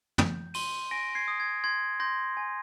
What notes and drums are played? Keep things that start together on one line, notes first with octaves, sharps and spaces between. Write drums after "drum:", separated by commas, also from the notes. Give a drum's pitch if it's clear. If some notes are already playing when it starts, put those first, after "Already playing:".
G6, drum: tom
C6 D#7 G7, drum: open hi-hat
G#5 A#6 D7
G#6 C7
D#6
G#6
C6 G#6
C6 G6 A#6
G#5